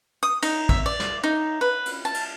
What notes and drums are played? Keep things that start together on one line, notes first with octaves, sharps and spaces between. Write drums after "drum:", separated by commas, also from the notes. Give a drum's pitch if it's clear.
D#6
D#4, drum: cymbal
E5, drum: kick
D5
drum: snare
D#4
B4
drum: cymbal
A5
drum: cymbal